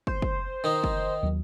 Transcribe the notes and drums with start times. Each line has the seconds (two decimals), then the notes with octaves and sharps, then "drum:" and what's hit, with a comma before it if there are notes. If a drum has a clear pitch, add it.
0.07 C5, drum: kick
0.22 drum: kick
0.64 D#3 D#4
0.84 drum: kick
1.23 D#2 F#3